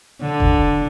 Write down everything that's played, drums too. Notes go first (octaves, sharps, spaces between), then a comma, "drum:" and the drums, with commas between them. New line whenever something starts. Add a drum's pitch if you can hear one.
D3
drum: kick E1